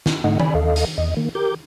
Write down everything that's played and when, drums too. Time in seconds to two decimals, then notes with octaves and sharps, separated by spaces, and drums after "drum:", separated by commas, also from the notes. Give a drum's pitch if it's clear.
0.06 drum: snare
0.24 G#2 D3 A3 D#4 D#5 F#5
0.40 D5 G#5 B5, drum: tom D#3
0.55 D#2 A4 D#5 F5
0.76 drum: hi-hat
0.98 E2 D#5
1.17 D#3 A#3
1.35 G4 A#4 D6 G6